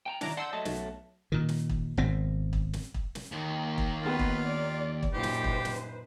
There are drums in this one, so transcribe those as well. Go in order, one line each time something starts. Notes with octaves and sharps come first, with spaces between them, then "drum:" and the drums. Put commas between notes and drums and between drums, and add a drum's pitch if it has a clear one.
G5 A5 A#5
D#3 F#3 D4 E4 A#5 D6, drum: snare
D5 F#5 A5 C6 E6 G6
F#3 A3 D#5 A5
B1, drum: snare
A#2 D#3
drum: snare
drum: kick
G#1 B2 C4
drum: kick
drum: snare
drum: kick
drum: snare
D#2 D#3 A#3
drum: kick
B3 F4 B4
drum: kick
D5
drum: kick
F#2 A#2 D#4 G4 B4 C5
drum: snare
drum: kick
drum: snare